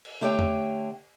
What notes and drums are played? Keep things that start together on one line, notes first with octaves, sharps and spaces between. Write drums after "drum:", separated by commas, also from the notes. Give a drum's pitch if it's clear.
drum: cymbal
D3 A3 G4 C#5 D5 G5
drum: tom E2